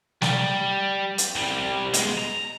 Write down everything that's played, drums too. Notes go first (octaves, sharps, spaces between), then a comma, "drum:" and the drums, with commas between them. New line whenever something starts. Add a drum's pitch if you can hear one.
G3, drum: snare
drum: hi-hat
C2 G3
B2 G#3, drum: hi-hat
A#5